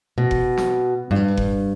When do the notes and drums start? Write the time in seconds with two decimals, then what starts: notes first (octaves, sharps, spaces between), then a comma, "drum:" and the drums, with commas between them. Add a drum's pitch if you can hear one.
0.18 B2
0.31 drum: kick F#1
0.57 drum: snare
1.11 G2
1.37 drum: kick F#1